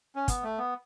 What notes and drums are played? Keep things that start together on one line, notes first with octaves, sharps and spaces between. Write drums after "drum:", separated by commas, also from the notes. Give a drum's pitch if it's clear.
C#4
B3, drum: kick, hi-hat
A3
B3